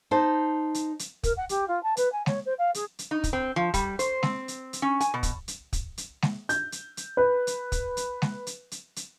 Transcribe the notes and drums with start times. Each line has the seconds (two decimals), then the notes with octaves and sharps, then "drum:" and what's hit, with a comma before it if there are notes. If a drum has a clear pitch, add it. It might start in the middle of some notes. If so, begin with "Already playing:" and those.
0.11 D#4 C5 A5
0.75 drum: hi-hat
0.99 drum: hi-hat
1.23 A#4, drum: kick, hi-hat
1.37 F#5
1.49 G4, drum: hi-hat
1.67 F4
1.83 A5
1.97 B4, drum: hi-hat
2.12 G#5
2.26 C#5, drum: snare G#3
2.45 C5
2.58 F5
2.74 G#4, drum: hi-hat
2.99 drum: hi-hat
3.11 D#4
3.24 drum: kick, hi-hat
3.33 C4
3.56 F3
3.74 G3, drum: kick, hi-hat
3.99 C5, drum: hi-hat
4.23 C4, drum: snare G#3
4.48 drum: hi-hat
4.73 drum: hi-hat
4.82 C#4
5.00 G#5, drum: hi-hat
5.14 B2
5.23 drum: kick, hi-hat
5.48 drum: hi-hat
5.73 drum: kick, hi-hat
5.98 drum: hi-hat
6.22 drum: snare G#3
6.49 G6, drum: hi-hat
6.72 drum: hi-hat
6.97 drum: hi-hat
7.17 B4
7.47 drum: hi-hat
7.72 drum: kick, hi-hat
7.97 drum: hi-hat
8.22 drum: snare G#3
8.47 drum: hi-hat
8.71 drum: hi-hat
8.96 drum: hi-hat